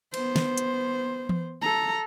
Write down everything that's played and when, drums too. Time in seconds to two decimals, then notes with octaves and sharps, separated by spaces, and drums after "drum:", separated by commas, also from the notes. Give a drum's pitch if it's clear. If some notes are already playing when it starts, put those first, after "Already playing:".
0.14 B3 C5, drum: cymbal
0.36 drum: snare
0.58 drum: hi-hat
1.29 drum: tom E3
1.62 A4 A#5